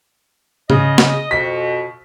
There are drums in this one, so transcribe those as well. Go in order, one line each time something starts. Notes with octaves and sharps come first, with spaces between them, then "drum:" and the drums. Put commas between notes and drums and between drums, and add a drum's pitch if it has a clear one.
C#3 D#5, drum: tom G#2
drum: snare
F2 B2 B6